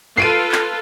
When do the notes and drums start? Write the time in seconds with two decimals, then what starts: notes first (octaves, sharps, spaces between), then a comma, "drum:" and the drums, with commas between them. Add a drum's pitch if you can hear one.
0.17 F4 A4 B4 C7 D7 D#7
0.52 drum: clap